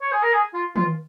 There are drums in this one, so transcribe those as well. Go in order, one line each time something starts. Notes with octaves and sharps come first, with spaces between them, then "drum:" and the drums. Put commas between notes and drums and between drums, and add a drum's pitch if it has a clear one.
C#5
G#4
A#4
G#4
F4
F4, drum: tom D#3